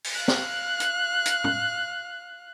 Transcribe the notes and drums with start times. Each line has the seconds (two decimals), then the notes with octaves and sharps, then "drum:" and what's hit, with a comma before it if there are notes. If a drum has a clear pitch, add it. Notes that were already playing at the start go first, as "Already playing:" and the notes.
0.04 drum: open hi-hat
0.14 F5 F#6
0.28 drum: snare
0.80 drum: hi-hat
1.25 drum: hi-hat
1.44 drum: tom